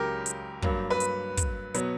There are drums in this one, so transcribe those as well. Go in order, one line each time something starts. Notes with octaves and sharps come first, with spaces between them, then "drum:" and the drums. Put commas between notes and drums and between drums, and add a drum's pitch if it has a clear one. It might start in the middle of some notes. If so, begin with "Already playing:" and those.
Already playing: C#2 C#3 F#3 G4 A#4
drum: hi-hat
G2 F#3 A#3, drum: kick
B4
drum: hi-hat
drum: kick, hi-hat
B2 F#3 B3, drum: hi-hat